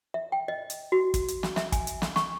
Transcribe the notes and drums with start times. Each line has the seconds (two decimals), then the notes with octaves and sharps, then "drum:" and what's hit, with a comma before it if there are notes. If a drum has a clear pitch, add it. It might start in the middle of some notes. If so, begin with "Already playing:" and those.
0.14 E5
0.32 G5
0.48 D#5
0.70 drum: hi-hat
0.92 F#4
1.14 drum: kick, hi-hat
1.28 drum: hi-hat
1.43 drum: snare
1.56 E5, drum: snare
1.72 G#5, drum: kick, hi-hat
1.87 drum: hi-hat
2.02 drum: snare
2.16 C#6, drum: snare